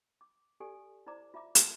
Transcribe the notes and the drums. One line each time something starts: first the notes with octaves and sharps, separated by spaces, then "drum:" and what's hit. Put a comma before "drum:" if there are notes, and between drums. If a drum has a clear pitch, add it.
D6
G4 A4 D5 G#5
E4 C5 D5 A#5 D6
F4 E5 A#5 D6
A5, drum: hi-hat